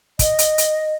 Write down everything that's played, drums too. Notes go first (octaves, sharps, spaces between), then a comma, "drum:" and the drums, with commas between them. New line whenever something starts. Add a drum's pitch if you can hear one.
D#5, drum: kick, hi-hat
drum: hi-hat
drum: hi-hat